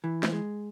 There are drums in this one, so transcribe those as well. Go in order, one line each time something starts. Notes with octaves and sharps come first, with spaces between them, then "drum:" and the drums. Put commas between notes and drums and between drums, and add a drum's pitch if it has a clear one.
E3
drum: snare
G#3